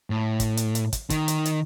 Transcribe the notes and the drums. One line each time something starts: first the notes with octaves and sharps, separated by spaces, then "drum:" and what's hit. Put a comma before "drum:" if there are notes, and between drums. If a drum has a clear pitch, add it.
A2
drum: kick, hi-hat
drum: hi-hat
drum: hi-hat
drum: kick, hi-hat
D#3, drum: kick, hi-hat
drum: hi-hat
drum: hi-hat